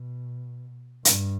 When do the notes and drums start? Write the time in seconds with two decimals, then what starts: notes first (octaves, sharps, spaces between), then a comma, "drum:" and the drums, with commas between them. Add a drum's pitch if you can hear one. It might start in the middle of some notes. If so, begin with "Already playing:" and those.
Already playing: B2
1.05 G2, drum: hi-hat